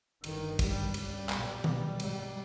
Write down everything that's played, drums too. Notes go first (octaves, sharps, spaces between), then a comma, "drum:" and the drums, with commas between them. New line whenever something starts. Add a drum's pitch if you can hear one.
G1 G2 D#3, drum: cymbal
G#1 G2 G3, drum: kick, cymbal
C#2 C#3 G3, drum: cymbal
B1 A#2, drum: clap
B1 B2, drum: tom D#3
G#1 G#2 G3, drum: cymbal